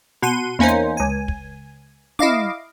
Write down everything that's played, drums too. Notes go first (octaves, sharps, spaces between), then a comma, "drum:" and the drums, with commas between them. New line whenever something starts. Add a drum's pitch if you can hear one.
B2 F#5 C6 D#7
E2 A#3 C#4 D#4 C5
drum: hi-hat
C#2 G#5
drum: kick
E4 D#5 F5 D6, drum: tom